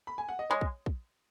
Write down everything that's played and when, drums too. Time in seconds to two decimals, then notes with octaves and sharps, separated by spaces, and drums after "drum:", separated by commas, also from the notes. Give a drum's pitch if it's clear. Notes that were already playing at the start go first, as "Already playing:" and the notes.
0.07 B5
0.18 G#5
0.29 F#5
0.39 D#5
0.50 G#3 C#5
0.61 drum: kick
0.86 drum: kick